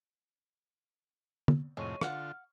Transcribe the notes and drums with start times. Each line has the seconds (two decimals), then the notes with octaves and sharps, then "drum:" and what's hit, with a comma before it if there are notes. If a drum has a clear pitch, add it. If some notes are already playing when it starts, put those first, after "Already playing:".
1.48 drum: tom D3
1.77 F2 A2 C3 G#3 C#5 C#6 D#7
2.01 D3 F4 F5 F#5 F6, drum: rim click